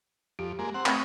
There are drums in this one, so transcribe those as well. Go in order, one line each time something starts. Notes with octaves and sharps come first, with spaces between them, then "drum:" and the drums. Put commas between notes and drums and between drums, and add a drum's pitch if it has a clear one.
F2 G4
G#3 A#3
C4 F#5
A3 C4 C#5 B5 D#6, drum: clap